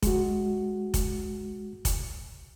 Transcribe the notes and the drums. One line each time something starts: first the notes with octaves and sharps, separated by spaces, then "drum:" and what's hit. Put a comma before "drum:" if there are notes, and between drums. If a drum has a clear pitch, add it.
G#3 F#4, drum: kick F1, hi-hat
drum: kick F1, hi-hat
drum: kick F1, hi-hat